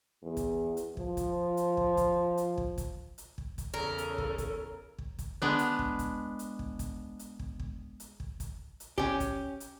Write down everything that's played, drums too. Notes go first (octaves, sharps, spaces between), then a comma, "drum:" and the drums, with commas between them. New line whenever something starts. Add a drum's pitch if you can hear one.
E2
drum: kick, hi-hat
drum: hi-hat
F3, drum: kick
drum: kick, hi-hat
drum: hi-hat
drum: kick
drum: kick, hi-hat
drum: hi-hat
drum: kick
drum: kick, hi-hat
drum: hi-hat
drum: kick
drum: kick, hi-hat
E2 C#3 C#4 A4 A#4
drum: hi-hat
drum: kick
drum: kick, hi-hat
drum: kick
drum: kick, hi-hat
G#3 B3 D4
drum: hi-hat
drum: kick
drum: kick, hi-hat
drum: hi-hat
drum: kick
drum: kick, hi-hat
drum: hi-hat
drum: kick
drum: kick
drum: hi-hat
drum: kick
drum: kick, hi-hat
drum: hi-hat
C#4 G4, drum: kick
drum: kick, hi-hat
drum: hi-hat